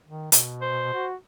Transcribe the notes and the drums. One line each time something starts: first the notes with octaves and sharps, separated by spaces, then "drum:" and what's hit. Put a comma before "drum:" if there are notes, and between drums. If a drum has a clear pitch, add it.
D#3
B2, drum: hi-hat
C5
F#4